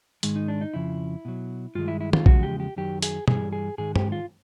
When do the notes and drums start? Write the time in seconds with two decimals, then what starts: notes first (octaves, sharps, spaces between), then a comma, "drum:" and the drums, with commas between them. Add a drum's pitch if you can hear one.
0.23 G#2 D#3 G#3, drum: hi-hat
0.36 D#4
0.48 D4
0.61 D#4
0.74 F2 C#3 F3 E4
1.25 B2 F#3
1.75 G2 D#3 G#3 F4
1.88 E4
2.01 E4
2.13 F4, drum: tom
2.26 E2 C#3 F3 G#3 F#4, drum: kick A#1
2.43 G4
2.60 G4
2.76 F#2 D#3 F#3 G4
3.02 G#4, drum: hi-hat
3.28 G2 E3 G3 G#4, drum: tom
3.53 G#4
3.78 G#2 D#3 G#3 G#4
3.96 G4, drum: tom
4.12 F4